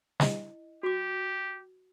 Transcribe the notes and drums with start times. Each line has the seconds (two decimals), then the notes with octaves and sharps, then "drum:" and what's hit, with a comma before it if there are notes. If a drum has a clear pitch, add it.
0.20 E4 D#5, drum: snare
0.83 F#4 G4 D6